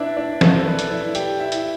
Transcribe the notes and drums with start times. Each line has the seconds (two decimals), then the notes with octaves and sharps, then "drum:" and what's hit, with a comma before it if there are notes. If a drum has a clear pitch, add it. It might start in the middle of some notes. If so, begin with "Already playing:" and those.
Already playing: D4 E4 B4 D5 E5
0.17 D4 D5
0.41 A4, drum: snare
0.66 B4
0.79 D5, drum: hi-hat
0.90 E4 E5
1.15 G4 G5, drum: hi-hat
1.40 E4 E5
1.52 drum: hi-hat